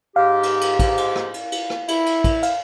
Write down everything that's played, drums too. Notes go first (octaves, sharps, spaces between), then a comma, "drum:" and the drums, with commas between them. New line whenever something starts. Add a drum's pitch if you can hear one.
G#2 G4 F5
drum: cymbal
drum: cymbal
drum: kick, cymbal
drum: cymbal
drum: rim click
drum: cymbal
drum: cymbal
drum: rim click
E4, drum: cymbal
drum: cymbal
drum: kick, cymbal
F5, drum: cymbal